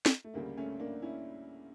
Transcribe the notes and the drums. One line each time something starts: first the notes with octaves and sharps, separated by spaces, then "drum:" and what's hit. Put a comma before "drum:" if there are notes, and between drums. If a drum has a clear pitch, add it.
drum: snare
A3
D2 C#3 G3 A#3
A3 C#4
A#3 D4
C#4 E4